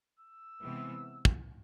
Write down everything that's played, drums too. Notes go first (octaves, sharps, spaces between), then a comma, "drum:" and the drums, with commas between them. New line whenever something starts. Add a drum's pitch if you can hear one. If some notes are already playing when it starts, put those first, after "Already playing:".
E6
C3 E3 G#3 B3
drum: kick